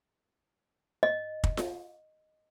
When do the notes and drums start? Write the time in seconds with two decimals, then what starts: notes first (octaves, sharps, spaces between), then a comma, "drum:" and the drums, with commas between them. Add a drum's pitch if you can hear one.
1.03 D#5
1.44 drum: kick
1.57 drum: snare F4